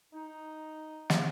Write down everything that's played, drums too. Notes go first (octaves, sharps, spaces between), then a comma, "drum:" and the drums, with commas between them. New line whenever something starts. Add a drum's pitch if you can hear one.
D#4
drum: snare